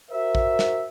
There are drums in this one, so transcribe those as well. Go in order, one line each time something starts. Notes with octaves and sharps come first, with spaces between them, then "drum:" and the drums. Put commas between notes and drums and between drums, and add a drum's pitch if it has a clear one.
F#4 A#4 C5 E5
drum: kick A#1
drum: snare